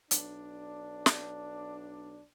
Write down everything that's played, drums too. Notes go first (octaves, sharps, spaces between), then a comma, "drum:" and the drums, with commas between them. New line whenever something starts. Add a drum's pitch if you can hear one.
B1 D4, drum: hi-hat
drum: snare